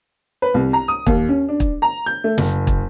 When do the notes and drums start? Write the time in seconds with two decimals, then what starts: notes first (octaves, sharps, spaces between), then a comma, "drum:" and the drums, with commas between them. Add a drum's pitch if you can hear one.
0.42 B4
0.54 C2
0.73 A#5
0.88 D#6
1.07 D#2, drum: kick
1.29 C#4
1.49 D4
1.60 drum: kick
1.82 A#5
2.06 G6
2.24 A3
2.38 F#1, drum: snare
2.67 drum: kick